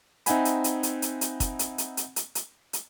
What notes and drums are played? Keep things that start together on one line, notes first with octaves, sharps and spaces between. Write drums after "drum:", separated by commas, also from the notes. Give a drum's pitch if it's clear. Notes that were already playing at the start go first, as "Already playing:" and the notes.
C4 D#4 E5 F#5 G#5 B5, drum: hi-hat
drum: hi-hat
drum: hi-hat
drum: hi-hat
drum: hi-hat
drum: hi-hat
drum: kick, hi-hat
drum: hi-hat
drum: hi-hat
drum: hi-hat
drum: hi-hat
drum: hi-hat
drum: hi-hat